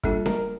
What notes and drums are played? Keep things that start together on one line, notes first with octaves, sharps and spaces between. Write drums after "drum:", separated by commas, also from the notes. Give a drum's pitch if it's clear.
G3 A#3 D4 F4 A4, drum: kick, hi-hat
A#4, drum: snare D4